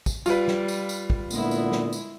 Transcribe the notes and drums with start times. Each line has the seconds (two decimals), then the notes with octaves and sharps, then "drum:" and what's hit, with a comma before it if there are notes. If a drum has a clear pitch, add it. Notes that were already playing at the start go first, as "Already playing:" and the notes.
0.06 drum: kick, tambourine
0.26 G3 F4 B4, drum: tambourine
0.48 drum: snare
0.68 drum: tambourine
0.89 drum: tambourine
1.10 drum: kick
1.30 A#2 D3 G#3 B3 E4, drum: tambourine
1.51 drum: tambourine
1.72 drum: snare
1.93 drum: tambourine